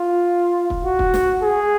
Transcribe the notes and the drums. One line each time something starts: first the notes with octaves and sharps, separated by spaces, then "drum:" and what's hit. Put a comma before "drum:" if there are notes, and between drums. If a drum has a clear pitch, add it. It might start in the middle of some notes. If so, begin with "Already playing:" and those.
Already playing: F4
drum: kick
F#4
drum: kick
drum: snare
G#4